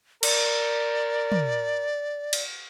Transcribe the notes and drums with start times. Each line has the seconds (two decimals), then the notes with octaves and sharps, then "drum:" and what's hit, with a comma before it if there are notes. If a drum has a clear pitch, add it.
0.23 A#4 D5, drum: cymbal
1.32 drum: tom
2.33 drum: cymbal